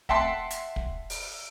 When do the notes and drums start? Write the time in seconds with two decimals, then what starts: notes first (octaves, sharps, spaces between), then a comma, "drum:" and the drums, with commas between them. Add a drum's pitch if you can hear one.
0.09 E5 F#5 G5 A5 C6, drum: kick
0.50 drum: hi-hat
0.76 drum: kick
1.10 drum: open hi-hat